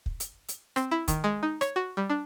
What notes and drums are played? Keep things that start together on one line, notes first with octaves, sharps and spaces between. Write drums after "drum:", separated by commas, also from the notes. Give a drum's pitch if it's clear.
drum: kick
drum: hi-hat
drum: hi-hat
C4, drum: rim click
E4
D#3, drum: kick, hi-hat
G#3
D#4
C#5, drum: rim click
F#4
G3
D4